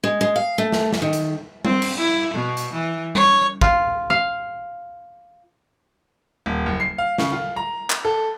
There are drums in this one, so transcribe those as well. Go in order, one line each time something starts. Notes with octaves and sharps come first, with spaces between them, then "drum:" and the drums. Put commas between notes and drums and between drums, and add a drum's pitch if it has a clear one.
G#3
G#3
F5
A3
drum: snare
drum: snare
D#3
drum: hi-hat
C4, drum: tom G3
drum: cymbal
E4
B2
drum: hi-hat
E3
C#5, drum: tom G3
F4, drum: kick
F5
D#1
F#1
C7
F5
C#3, drum: snare
F4
A#5
drum: clap
A4